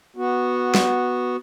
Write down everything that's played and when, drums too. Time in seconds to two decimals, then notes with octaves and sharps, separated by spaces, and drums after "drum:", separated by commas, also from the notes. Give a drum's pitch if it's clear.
0.16 B3 F#4
0.75 drum: snare